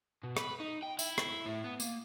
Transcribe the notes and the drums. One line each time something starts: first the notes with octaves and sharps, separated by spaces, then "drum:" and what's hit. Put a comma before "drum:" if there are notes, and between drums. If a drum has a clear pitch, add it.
B2
B4, drum: rim click
D#4
G5
E4, drum: tambourine
drum: rim click
A2
B3
A#3, drum: tambourine